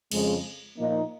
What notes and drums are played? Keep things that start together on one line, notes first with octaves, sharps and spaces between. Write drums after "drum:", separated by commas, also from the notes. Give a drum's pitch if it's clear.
F2 C#3 G#3, drum: cymbal
A#2 F3 A#3 D#4